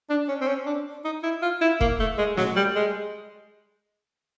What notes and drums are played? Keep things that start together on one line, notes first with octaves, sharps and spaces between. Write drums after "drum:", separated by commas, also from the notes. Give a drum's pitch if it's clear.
D4
C#4
C4
C#4
D4
D#4
E4
F4
E4
A#3, drum: kick E1
A3
G#3
F#3, drum: snare
G3
G#3